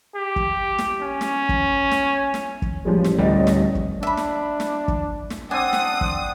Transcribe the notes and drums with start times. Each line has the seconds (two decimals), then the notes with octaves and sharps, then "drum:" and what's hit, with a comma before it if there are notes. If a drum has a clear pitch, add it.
0.15 G4
0.36 drum: kick
0.78 drum: snare
1.02 C#4
1.21 drum: snare
1.49 drum: kick
1.91 drum: snare
2.34 drum: snare
2.62 drum: kick
2.85 A1 F3 G3 G#3 C#5
3.04 drum: snare
3.19 D2 D3 G3 D#5 A6
3.47 drum: snare
3.75 drum: kick
4.03 D4 E5 B5
4.17 drum: snare
4.60 drum: snare
4.88 drum: kick
5.30 drum: snare
5.51 C4 D4 F#5 G#5 D#6
5.73 drum: snare
6.01 drum: kick